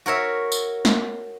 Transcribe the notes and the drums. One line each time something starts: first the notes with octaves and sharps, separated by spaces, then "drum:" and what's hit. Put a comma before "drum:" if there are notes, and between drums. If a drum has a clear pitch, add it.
F#4 A#4 C#5 E5
drum: tambourine
drum: snare